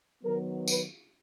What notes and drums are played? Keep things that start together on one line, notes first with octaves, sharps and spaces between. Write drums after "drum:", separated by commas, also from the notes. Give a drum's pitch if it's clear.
D#3 F#3 B3 A#4
B4, drum: tambourine